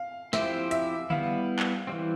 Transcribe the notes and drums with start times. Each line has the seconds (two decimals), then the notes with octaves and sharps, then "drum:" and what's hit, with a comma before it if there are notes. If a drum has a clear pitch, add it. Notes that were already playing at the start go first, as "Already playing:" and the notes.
Already playing: F5
0.33 F3 C4 E4 G4 C5 E5, drum: snare
0.71 E5, drum: hi-hat
1.10 G3 B3 E4 F5, drum: tom D3
1.59 drum: clap
1.87 E3 G3 C4